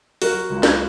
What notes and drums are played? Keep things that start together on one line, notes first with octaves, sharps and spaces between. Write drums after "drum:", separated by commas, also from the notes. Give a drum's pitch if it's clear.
F#3 F#4 A#4, drum: open hi-hat
C#2
drum: snare